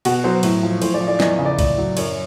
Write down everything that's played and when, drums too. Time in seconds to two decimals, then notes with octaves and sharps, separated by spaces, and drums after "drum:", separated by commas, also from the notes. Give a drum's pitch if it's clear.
0.05 B2 F#4, drum: cymbal
0.24 F#3 C5
0.43 A2, drum: cymbal
0.63 F3
0.82 A2 C5, drum: cymbal
0.94 D5
1.00 F3
1.08 D5
1.20 E2 D#5, drum: snare
1.39 C#3
1.45 D5
1.59 A2, drum: kick, cymbal
1.78 F#3
1.97 F#2 C#5, drum: cymbal